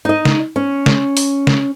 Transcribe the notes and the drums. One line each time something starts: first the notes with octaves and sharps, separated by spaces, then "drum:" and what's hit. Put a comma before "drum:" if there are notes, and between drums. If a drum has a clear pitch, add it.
D#4 D#5
drum: snare
C#4
drum: snare
drum: open hi-hat
drum: snare